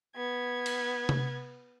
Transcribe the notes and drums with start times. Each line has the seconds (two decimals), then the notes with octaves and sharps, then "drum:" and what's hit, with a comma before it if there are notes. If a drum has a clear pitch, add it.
0.16 B3 G#6
0.66 drum: cymbal
1.09 drum: tom C3